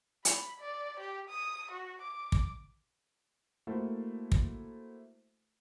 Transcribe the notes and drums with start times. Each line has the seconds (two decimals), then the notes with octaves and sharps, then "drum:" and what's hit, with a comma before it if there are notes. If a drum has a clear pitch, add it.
0.25 B5, drum: hi-hat
0.60 D5
1.00 G4
1.30 D#6
1.71 F#4
2.02 D6
2.32 drum: kick
3.67 A3 A#3 E4 F#4 A4 C5
4.32 drum: kick